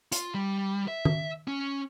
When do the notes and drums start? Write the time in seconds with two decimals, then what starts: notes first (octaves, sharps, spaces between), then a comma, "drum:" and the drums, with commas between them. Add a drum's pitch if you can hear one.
0.12 F4, drum: hi-hat
0.34 G3
0.88 E5
1.05 drum: tom D#3
1.48 C#4